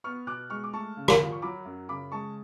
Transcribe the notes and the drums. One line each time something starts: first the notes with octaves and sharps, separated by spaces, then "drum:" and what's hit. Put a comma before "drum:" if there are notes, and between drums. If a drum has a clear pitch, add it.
B3 C#6 F6
B2 D6 F#6
G#3 C#6 F6
D6
A3 A5 C#6
C#3
B5 D6, drum: rim click
F3
C#6
F#3 B5 D6
F#2
C#3 B5 D6
G#3 A5 C#6